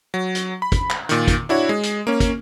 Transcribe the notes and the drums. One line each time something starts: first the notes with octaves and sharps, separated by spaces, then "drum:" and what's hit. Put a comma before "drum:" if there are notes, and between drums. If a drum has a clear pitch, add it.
F#3
drum: hi-hat
B5
drum: kick, hi-hat
drum: clap
A#2 D#3, drum: hi-hat
drum: kick, hi-hat
D4 E4 F#4 C#5
G#3
drum: hi-hat
A#3 C#4
drum: kick, hi-hat